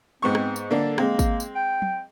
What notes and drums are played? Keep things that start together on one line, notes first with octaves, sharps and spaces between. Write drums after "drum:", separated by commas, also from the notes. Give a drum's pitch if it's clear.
G#2 B3 C4 C#6
drum: rim click
drum: tambourine
D3 A#3 D4 A4
G#3 A#3 C4, drum: rim click
drum: kick, tambourine
drum: tambourine
G5
drum: tom